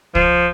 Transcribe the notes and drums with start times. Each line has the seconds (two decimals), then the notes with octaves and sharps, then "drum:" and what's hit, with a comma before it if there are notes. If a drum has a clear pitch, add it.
0.15 F3, drum: kick